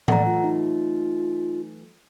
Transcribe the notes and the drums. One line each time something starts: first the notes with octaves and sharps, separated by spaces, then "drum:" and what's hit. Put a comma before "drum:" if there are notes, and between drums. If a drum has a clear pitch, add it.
E3 F#3 A3 D5 F#5 A#5, drum: tom A2
F4
D#4